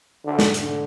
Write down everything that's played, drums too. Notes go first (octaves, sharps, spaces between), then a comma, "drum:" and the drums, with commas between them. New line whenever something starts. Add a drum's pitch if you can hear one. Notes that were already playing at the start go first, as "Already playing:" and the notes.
D3
drum: snare
D3, drum: hi-hat